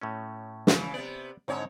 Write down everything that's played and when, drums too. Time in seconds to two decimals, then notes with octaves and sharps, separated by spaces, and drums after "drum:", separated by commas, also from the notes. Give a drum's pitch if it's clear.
0.02 A2 A3 C#4
0.67 C#3 E3, drum: snare
0.94 C3 B3 D5
1.48 G#2 D3 C4 D#4 C#5